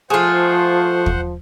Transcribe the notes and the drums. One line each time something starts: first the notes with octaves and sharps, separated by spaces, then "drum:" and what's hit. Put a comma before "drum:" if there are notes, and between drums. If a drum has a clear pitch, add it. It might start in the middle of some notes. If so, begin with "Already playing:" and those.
F3 A3 F4 G#4 C5 F#5
drum: kick